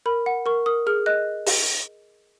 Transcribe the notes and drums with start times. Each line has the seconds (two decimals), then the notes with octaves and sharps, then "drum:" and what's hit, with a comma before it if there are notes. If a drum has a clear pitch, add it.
0.06 A#4 B5
0.26 F#5
0.46 A#4 C#6
0.66 A#4 D#6
0.87 G#4 F6
1.06 D#5 F#6
1.46 drum: open hi-hat